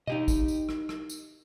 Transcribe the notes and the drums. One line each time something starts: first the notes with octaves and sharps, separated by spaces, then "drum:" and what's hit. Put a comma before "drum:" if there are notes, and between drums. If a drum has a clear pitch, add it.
D#4 G4 D#5, drum: tom B2
drum: kick, tambourine
drum: tambourine
drum: rim click
drum: rim click
drum: tambourine